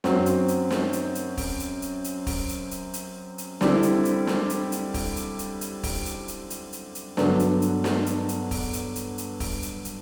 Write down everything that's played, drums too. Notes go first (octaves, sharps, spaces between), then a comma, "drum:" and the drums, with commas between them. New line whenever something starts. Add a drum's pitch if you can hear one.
F#2 F#3 C4, drum: snare
drum: hi-hat
drum: hi-hat
drum: snare
drum: hi-hat
drum: hi-hat
drum: kick, open hi-hat
drum: hi-hat
drum: hi-hat
drum: hi-hat
drum: kick, open hi-hat
drum: hi-hat
drum: hi-hat
drum: hi-hat
drum: hi-hat
D3 G3 C4 E4, drum: snare
drum: hi-hat
drum: hi-hat
drum: snare
drum: hi-hat
drum: hi-hat
drum: kick, open hi-hat
drum: hi-hat
drum: hi-hat
drum: hi-hat
drum: kick, open hi-hat
drum: hi-hat
drum: hi-hat
drum: hi-hat
drum: hi-hat
drum: hi-hat
G2 D3 F#3 B3 D4, drum: snare
drum: hi-hat
drum: hi-hat
drum: snare
drum: hi-hat
drum: hi-hat
drum: kick, open hi-hat
drum: hi-hat
drum: hi-hat
drum: hi-hat
drum: kick, open hi-hat
drum: hi-hat
drum: hi-hat